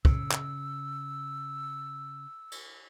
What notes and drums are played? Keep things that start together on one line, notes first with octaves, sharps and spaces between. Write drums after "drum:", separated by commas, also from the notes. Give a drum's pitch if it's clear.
C#3 E6, drum: kick
drum: clap
drum: cymbal